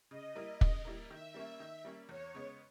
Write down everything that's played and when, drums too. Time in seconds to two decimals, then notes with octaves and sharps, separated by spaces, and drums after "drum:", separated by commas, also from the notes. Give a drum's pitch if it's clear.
0.11 C#3 D#5
0.36 G3 A#3 E4 A#4
0.61 C#3, drum: kick
0.85 G3 A#3 E4 A#4
1.11 D#3 E5
1.34 G3 A#3 C#4
1.60 D#3
1.85 G3 A#3 C#4
2.09 E2 C#5
2.34 C#3 G#3 B3